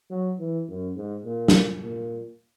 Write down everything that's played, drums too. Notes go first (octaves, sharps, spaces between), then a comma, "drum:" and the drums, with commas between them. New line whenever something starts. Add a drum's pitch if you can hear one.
F#3
E3
F#2
G#2
A#2
drum: snare
A#2